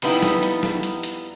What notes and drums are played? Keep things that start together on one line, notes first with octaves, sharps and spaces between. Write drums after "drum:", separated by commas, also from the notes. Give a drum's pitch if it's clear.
F2 G3 B3 D#4 E4, drum: open hi-hat
drum: snare
drum: hi-hat
drum: snare
drum: hi-hat
drum: hi-hat